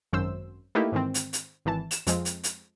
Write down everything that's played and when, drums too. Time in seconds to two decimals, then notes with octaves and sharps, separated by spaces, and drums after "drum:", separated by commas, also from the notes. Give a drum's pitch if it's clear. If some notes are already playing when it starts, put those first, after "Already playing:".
0.13 G#1 F#2 C5 E6
0.75 A3 A#3 D#4 E4 G4 B4
0.92 G#2 D#3 E3 C4
1.14 drum: hi-hat
1.33 drum: hi-hat
1.65 G#1 E3 A5
1.91 E7, drum: hi-hat
2.07 F2 F3 G#3 C4, drum: hi-hat
2.25 drum: hi-hat
2.44 drum: hi-hat